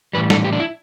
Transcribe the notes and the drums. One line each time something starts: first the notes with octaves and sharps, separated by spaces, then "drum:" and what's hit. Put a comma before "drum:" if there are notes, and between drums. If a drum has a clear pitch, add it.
A2 E3 G3 B4
A4, drum: snare
G4
D4
E4